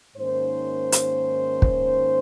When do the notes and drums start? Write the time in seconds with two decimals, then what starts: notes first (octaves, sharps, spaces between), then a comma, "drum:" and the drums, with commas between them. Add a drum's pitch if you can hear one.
0.16 G#2 D#3 A#3 C#4 C5
0.92 drum: hi-hat
1.62 drum: kick